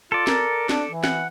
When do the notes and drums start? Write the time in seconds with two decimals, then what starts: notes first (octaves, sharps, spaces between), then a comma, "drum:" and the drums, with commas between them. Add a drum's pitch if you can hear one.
0.12 F4 A4 D5
0.27 A#4, drum: snare
0.69 D4, drum: snare
0.90 E3
1.04 F#5, drum: snare